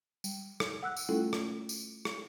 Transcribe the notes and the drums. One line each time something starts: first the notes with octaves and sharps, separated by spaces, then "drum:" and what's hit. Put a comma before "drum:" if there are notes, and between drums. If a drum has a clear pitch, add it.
G3, drum: tambourine
drum: rim click
F#5 E6 F#6
drum: tambourine
G3 A3 C#4 E4 F4 A4
drum: rim click
drum: tambourine
drum: rim click